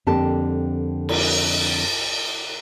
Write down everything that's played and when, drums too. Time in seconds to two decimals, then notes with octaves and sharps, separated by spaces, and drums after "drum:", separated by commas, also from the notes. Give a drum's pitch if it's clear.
0.06 F2 D3 A#3 C4 G4 A5
1.09 drum: cymbal